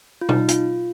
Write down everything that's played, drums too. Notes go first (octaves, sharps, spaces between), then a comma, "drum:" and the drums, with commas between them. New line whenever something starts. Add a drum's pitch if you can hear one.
F4
D#4, drum: tom B2
F4, drum: hi-hat